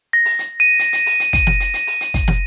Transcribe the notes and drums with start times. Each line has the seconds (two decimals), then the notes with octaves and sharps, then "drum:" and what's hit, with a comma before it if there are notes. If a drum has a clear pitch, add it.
0.13 A#6
0.25 drum: open hi-hat
0.39 drum: hi-hat
0.60 D#7
0.79 drum: hi-hat
0.93 drum: hi-hat
1.06 drum: open hi-hat
1.20 drum: hi-hat
1.33 D#7, drum: kick, hi-hat
1.47 drum: snare
1.60 drum: hi-hat
1.74 drum: hi-hat
1.87 drum: open hi-hat
2.01 drum: hi-hat
2.14 drum: kick, hi-hat
2.28 drum: snare